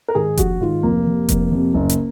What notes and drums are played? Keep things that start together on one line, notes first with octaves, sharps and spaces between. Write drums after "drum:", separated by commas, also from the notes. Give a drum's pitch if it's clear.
A#4
G#2 D#3 G#4
A#1 F#4, drum: kick F1, hi-hat
G#2 D#3 F4
F1 A#3
F2 C3
F1, drum: kick F1, hi-hat
F2 C3
F#1
drum: hi-hat